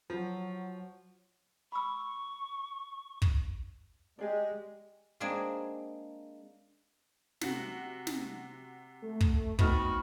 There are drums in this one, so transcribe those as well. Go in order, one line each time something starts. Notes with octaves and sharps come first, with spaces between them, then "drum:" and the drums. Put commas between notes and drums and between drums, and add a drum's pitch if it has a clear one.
F3 F#3
B5 C#6 E6
drum: kick
G#3 G4 G#4 D5
G#3 A#3 C4 D4 G#4
C3 F#4, drum: snare
drum: snare
A3
drum: kick
B3 C4 D#4 E4 F#4 F6, drum: kick